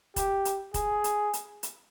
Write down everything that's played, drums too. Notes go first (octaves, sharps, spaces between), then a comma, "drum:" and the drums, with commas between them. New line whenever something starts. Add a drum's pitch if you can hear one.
G4, drum: kick, hi-hat
drum: hi-hat
G#4, drum: kick, hi-hat
drum: hi-hat
drum: hi-hat
drum: hi-hat